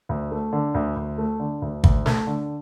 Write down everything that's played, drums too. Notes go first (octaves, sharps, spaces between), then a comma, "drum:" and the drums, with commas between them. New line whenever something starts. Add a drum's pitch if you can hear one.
D2
A3
D3
D2
D2
A3
D3
D2
D2, drum: kick
A3, drum: snare
D3